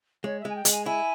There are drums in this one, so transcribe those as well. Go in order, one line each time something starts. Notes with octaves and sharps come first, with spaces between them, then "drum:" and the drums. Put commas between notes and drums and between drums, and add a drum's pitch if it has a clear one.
G#3 C#5
E5
G#3 G#5
G5
G#3, drum: hi-hat
G#5
E4 G#5